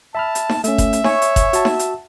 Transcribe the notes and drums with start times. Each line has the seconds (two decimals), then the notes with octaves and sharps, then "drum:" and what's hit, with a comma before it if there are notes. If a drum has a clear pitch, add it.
0.15 E5 A5 B5 F6
0.35 drum: hi-hat
0.49 drum: snare D#4
0.64 A3 C#4 E5, drum: hi-hat
0.78 drum: kick F#1, hi-hat
0.93 drum: hi-hat
1.04 C#5 G#5 C#6, drum: snare D#4
1.22 drum: hi-hat
1.36 drum: kick F#1, hi-hat
1.53 F#4 A5, drum: hi-hat
1.65 drum: snare D#4
1.79 drum: hi-hat